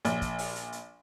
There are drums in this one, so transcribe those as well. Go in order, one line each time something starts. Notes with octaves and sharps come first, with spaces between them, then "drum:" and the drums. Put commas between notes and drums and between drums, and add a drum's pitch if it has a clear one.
A#1, drum: hi-hat
drum: kick, hi-hat
drum: open hi-hat
drum: hi-hat
drum: hi-hat